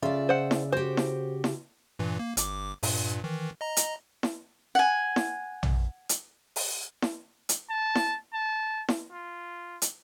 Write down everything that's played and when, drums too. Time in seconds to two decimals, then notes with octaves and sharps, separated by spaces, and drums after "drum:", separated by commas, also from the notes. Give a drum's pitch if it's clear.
0.03 C#3 F4 D5 E5
0.29 C5 F#5
0.51 drum: snare E4
0.72 F#4 G4 C5
0.97 drum: snare E4
1.44 drum: snare E4
1.99 G2 A#2 E3
2.19 A#3
2.37 G1 D6, drum: hi-hat
2.83 G2 A#2, drum: open hi-hat
3.24 D#3 E3
3.61 D#5 A#5
3.77 drum: hi-hat
4.23 drum: snare E4
4.75 F#5 G#5
5.16 drum: snare E4
5.63 drum: tom
6.09 drum: hi-hat
6.56 drum: open hi-hat
7.02 drum: snare E4
7.49 drum: hi-hat
7.70 A5
7.95 drum: snare E4
8.34 A5
8.89 drum: snare E4
9.12 F4
9.82 drum: hi-hat